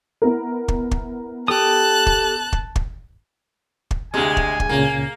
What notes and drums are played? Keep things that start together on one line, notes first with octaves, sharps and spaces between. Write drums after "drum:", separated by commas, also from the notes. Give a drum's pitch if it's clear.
B3 E4 A#4
drum: kick
drum: kick
G4 A4 A5 D#6 F#6
drum: kick
drum: kick
drum: kick
drum: kick
D2 C3 G#3 G#5
drum: kick
drum: kick
C#2 A#2 C#3 A#3